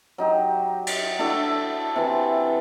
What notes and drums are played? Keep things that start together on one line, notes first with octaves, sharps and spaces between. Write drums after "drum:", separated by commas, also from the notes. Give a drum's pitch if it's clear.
F#3 D#4 G4
drum: cymbal
D4 E4 F#4 A4
C3 E3 C6